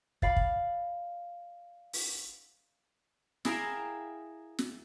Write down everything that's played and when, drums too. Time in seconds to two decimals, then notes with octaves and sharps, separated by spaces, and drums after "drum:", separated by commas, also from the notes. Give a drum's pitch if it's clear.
0.22 D5 F5 B5, drum: kick
0.36 drum: kick
1.93 drum: open hi-hat
3.45 E4 G#4 A#4 E5 F5 G5, drum: snare
4.59 drum: snare